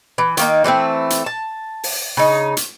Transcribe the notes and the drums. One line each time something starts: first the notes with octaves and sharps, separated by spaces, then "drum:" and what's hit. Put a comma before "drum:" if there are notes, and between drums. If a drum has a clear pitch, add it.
E3
D#3 A#3 D#4, drum: hi-hat
E3 G3 A3 C4
drum: hi-hat
A5
drum: open hi-hat
C#3 D#4
drum: hi-hat